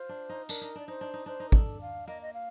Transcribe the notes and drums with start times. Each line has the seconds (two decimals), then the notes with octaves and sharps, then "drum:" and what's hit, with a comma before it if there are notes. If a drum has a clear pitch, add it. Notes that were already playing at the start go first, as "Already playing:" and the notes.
Already playing: F4 C5
0.09 D4
0.29 D#4
0.49 D4 A#4, drum: tambourine
0.61 D#4
0.75 D4 D5
0.88 D#4 C5
1.01 D4
1.14 D#4
1.26 D4 C5
1.40 D#4
1.49 A#4
1.52 D4 A4, drum: kick
1.81 F5
2.07 A#3 D#5
2.22 D#5
2.33 F5